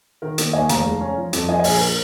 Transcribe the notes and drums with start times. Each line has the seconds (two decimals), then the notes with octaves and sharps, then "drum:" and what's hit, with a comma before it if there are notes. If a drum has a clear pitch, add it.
0.22 D#3 A#4
0.38 A#3, drum: hi-hat
0.53 D#2 D#5 G#5
0.69 F1 F5 A#5, drum: hi-hat
0.85 G#3
1.01 C#4
1.17 F3
1.33 F2, drum: hi-hat
1.49 F3 D#5 G#5
1.59 D#5 G#5
1.64 A#1, drum: open hi-hat
1.70 G#4
1.80 A#4